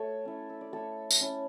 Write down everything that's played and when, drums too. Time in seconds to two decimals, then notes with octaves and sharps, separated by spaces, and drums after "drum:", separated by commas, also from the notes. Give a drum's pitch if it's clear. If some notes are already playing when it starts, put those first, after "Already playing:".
Already playing: A3 A4 C#5
0.25 C#4 E4
0.49 E5
0.61 D5
0.73 A3 A4 C#5
1.11 drum: tambourine
1.21 C#4 E4